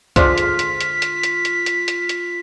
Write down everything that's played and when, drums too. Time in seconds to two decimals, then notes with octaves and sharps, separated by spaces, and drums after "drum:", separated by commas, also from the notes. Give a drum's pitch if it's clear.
0.16 D3 G#3 D4 F4 C5 B6, drum: kick C#2, hi-hat
0.38 drum: hi-hat
0.59 drum: hi-hat
0.81 drum: hi-hat
1.02 drum: hi-hat
1.23 drum: hi-hat
1.45 drum: hi-hat
1.66 drum: hi-hat
1.88 drum: hi-hat
2.09 drum: hi-hat